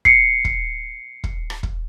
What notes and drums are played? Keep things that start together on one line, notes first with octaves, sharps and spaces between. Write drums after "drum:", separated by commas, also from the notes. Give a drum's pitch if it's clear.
C7 C#7, drum: kick
drum: kick
drum: kick
drum: rim click
drum: kick